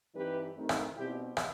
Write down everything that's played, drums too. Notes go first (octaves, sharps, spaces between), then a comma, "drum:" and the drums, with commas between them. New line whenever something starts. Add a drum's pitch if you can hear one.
G2 E3 G3 C4 D#4 G4 B4
G2 D#3 A3 C4 D#4
drum: rim click
B2 G3 C4 D#4 E4 G4
drum: rim click